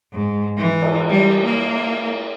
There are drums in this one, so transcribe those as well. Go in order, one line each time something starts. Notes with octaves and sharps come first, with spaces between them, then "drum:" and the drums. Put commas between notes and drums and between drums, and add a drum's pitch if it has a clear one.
G#2
E3
drum: cymbal
G3
A#3